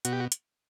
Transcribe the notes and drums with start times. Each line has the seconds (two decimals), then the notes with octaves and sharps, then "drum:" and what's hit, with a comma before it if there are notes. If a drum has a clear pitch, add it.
0.05 B2 F#4, drum: hi-hat
0.12 G4
0.20 F#4
0.32 drum: hi-hat